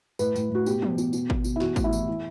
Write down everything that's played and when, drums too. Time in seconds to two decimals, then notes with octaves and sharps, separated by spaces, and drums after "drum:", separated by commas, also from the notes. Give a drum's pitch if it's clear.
0.19 A2 B4, drum: tambourine
0.36 A2, drum: tambourine
0.50 A2 F#4
0.66 B2 G4, drum: tambourine
0.82 B2, drum: tom
0.98 B2, drum: tambourine
1.13 B2, drum: tambourine
1.30 B2, drum: kick G#1
1.44 B2, drum: tambourine
1.56 E4
1.60 E3 F#4, drum: snare
1.76 A2, drum: kick G#1, tambourine
1.84 E4
1.93 E3, drum: tambourine
2.08 E3